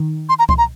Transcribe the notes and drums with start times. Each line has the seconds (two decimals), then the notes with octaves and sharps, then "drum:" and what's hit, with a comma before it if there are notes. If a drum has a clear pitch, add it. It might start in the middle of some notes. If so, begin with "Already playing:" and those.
Already playing: D#3
0.29 C6
0.39 A#5
0.49 C6, drum: kick C2
0.58 A#5